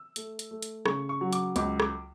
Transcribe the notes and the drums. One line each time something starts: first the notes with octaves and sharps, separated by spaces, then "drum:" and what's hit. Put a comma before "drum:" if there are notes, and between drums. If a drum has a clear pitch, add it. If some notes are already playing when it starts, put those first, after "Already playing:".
Already playing: E6
A3, drum: hi-hat
drum: hi-hat
A3
drum: hi-hat
C#3 C#6, drum: rim click
C#6
F#3
D6, drum: hi-hat
C#2 D6, drum: hi-hat
D6, drum: rim click